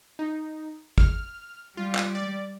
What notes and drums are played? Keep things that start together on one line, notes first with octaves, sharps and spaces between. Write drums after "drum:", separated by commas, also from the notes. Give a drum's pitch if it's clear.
D#4
F6, drum: kick
G3 F4
drum: clap
D5